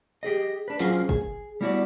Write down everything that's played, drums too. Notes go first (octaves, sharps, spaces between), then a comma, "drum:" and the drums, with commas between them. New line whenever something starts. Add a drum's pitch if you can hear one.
G4 G#4 D#5
D4 B4
F#3 C#4 F4 G#4 A#4 C5, drum: open hi-hat
G#4, drum: kick G1
G3 B3 E4 F#4 C#5 D5